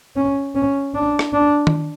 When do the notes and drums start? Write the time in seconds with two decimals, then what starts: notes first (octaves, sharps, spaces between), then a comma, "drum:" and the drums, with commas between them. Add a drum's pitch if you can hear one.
0.16 C#4
0.55 C#4
0.94 D4
1.19 drum: rim click
1.33 D4
1.67 drum: tom D#3